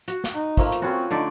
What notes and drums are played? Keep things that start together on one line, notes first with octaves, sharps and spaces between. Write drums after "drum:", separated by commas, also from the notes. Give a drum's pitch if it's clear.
F#4, drum: hi-hat
drum: snare
D#4
F3 A3 A#3, drum: kick, open hi-hat
drum: hi-hat
C4 C#4 F4 F#4 B4 C#5
D3 A3 D#4 D5